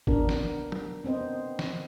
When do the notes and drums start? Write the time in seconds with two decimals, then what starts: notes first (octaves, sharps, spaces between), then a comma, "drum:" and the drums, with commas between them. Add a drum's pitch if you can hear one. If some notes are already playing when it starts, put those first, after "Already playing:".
0.07 B3 D4 A#4, drum: kick
0.29 drum: snare
0.72 drum: tom
1.04 B3 C4 C5 D#5
1.59 drum: snare